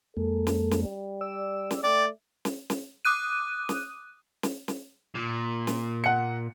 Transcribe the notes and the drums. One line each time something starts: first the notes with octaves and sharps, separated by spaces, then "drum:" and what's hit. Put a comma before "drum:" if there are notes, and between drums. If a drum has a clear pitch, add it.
F2 G#3 A#3 A4
drum: snare
drum: snare
G3
D5 E6
drum: snare
A3 D5 G5 A6
drum: snare
drum: snare
D6 D#6 F#6 D#7
drum: snare
drum: snare
drum: snare
A#2
drum: snare
F#5 C#7